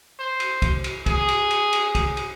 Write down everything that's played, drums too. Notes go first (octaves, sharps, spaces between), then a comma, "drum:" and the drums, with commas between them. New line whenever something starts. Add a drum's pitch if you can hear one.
C5
drum: cymbal
drum: kick, cymbal
drum: cymbal
G#4, drum: kick, cymbal
drum: cymbal
drum: cymbal
drum: cymbal
drum: kick, cymbal
drum: cymbal